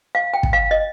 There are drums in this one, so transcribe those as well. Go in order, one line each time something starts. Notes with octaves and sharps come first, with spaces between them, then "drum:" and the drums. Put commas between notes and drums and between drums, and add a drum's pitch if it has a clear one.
F5
G5
drum: kick
F5
D#5